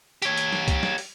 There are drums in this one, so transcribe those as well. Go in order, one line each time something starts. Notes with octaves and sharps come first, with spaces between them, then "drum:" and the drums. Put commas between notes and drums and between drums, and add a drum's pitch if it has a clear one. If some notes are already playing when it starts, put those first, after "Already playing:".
G4 C#5, drum: hi-hat
drum: hi-hat
drum: snare
drum: kick, hi-hat
drum: snare
drum: open hi-hat